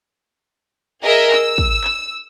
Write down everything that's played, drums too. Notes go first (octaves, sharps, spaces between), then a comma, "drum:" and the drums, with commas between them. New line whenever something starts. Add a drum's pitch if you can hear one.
G#4 A#4 D#5 E5
E6, drum: clap
drum: kick
drum: clap